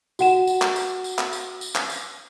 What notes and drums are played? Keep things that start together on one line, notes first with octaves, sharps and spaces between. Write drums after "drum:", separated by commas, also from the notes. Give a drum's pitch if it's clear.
F#4 F#5 E7, drum: tambourine
drum: tambourine
drum: clap
drum: tambourine
drum: tambourine
drum: clap
drum: tambourine
drum: tambourine
drum: clap
drum: tambourine